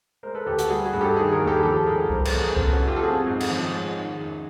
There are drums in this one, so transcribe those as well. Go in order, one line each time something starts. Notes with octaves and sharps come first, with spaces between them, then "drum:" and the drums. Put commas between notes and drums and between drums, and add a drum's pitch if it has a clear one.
G#3 A#4 C5
A4 B4
D2 G4 A4
F#4, drum: hi-hat
G3 F#4 G#4
F#4 G#4
G2
G4 A4
D#3 F#4 G#4
G#4 A#4
D#2
G4 A4
F3 G4 A4
G#2 G#4 A#4
G3 A#4 C5, drum: kick C2
A4 B4, drum: cymbal
E2
G#4 A#4
C5
C#3 A4 B4, drum: kick C2
F#4
F#2
F4 G4
A4
C4 F#4 G#4
G#2
drum: cymbal
F3
G#3
D#3
F#2